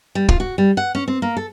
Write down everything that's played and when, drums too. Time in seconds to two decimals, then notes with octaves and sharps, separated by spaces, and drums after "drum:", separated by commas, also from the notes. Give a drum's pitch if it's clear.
0.15 G3
0.29 F4, drum: kick
0.40 F#4
0.58 G3
0.77 F#5
0.95 C#4
1.08 C4
1.22 A#3
1.37 A4